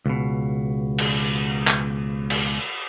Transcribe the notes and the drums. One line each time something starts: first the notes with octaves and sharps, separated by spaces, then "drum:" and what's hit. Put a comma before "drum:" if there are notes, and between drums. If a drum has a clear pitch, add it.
C#2 B2
drum: cymbal
drum: clap
drum: cymbal